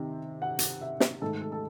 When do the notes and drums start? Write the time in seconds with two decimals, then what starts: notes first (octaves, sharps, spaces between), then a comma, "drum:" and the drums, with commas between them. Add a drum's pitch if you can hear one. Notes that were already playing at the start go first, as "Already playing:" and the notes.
Already playing: C3 D#3 C4
0.42 F#5
0.59 drum: hi-hat
0.81 E5
1.00 drum: snare
1.22 G#2 D#3 A3 A4
1.41 A4
1.52 A4